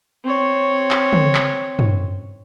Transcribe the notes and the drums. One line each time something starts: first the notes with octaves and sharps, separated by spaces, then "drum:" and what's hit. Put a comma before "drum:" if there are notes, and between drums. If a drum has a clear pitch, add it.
C4 C#5
drum: clap
drum: tom
drum: clap
drum: tom